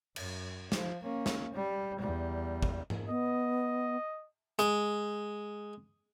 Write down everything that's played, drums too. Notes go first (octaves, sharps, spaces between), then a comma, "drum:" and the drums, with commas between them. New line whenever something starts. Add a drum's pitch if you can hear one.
F#2, drum: cymbal
F3, drum: snare
A#3 C#4
drum: snare
G3
E2 G3
drum: kick
drum: tom G#2
B3 D#5
G#3, drum: hi-hat